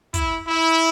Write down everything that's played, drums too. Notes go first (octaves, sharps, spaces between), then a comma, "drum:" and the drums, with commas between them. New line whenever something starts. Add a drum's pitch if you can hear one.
E4, drum: kick, hi-hat
E4